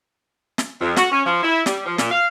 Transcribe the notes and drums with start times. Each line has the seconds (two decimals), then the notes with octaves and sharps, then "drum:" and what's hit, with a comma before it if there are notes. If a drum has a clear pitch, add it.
0.58 drum: snare
0.80 F2
0.96 F#4, drum: snare
1.11 C#4
1.25 F3
1.43 E4
1.66 G3, drum: snare
1.86 F3
1.98 A#2, drum: snare
2.10 F5